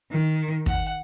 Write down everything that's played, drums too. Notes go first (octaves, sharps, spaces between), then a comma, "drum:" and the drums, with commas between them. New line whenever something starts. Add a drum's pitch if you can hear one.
D#3
F#5, drum: kick